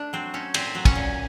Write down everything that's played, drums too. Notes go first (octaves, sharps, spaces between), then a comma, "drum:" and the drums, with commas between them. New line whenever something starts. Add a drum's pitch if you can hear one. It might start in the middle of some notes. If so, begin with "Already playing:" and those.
Already playing: A3 D4
F#3 C4
A3 C#4
A#2 C4, drum: cymbal
F#3
C#4, drum: kick, cymbal
A#2